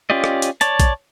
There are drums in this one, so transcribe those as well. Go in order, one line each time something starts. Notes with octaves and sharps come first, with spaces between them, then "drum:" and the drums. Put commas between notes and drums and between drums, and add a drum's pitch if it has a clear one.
C#4 F4 G4 D5 D#5
drum: rim click
drum: hi-hat
C#5 D5 A5, drum: hi-hat
drum: kick A#1, hi-hat